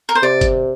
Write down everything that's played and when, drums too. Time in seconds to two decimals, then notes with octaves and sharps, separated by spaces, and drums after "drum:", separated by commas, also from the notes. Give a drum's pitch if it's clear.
0.09 A#4
0.15 C5
0.22 C3 D5
0.41 drum: kick G1, hi-hat